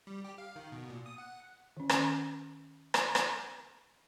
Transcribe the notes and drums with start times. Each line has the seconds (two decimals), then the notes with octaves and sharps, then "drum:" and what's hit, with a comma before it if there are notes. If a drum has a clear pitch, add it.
0.07 G3
0.24 G4
0.38 F5
0.56 D#3
0.72 B2
0.90 A#2
1.06 D#6
1.18 F#5
1.77 D#3 C#4
1.89 drum: rim click
2.94 drum: rim click
3.15 drum: rim click